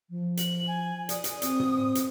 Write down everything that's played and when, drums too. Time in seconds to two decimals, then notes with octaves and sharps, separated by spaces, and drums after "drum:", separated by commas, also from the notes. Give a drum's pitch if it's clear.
0.10 F3
0.37 F#7, drum: hi-hat
0.67 G#5
1.09 D5 D#6, drum: hi-hat
1.24 drum: hi-hat
1.42 C4, drum: hi-hat
1.60 drum: tom
1.95 drum: hi-hat